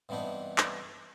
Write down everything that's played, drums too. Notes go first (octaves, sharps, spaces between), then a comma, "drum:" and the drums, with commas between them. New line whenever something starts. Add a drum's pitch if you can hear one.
G2 C3 E3 B3 D4 D#4
drum: clap